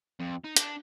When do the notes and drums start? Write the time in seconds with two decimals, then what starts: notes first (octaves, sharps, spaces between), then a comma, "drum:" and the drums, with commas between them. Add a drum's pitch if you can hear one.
0.20 F2
0.44 D#4
0.56 D4, drum: hi-hat